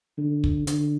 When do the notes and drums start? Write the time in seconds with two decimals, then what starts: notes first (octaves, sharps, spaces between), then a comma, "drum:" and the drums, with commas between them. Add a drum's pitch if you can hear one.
0.18 D3
0.44 drum: kick
0.67 D3, drum: hi-hat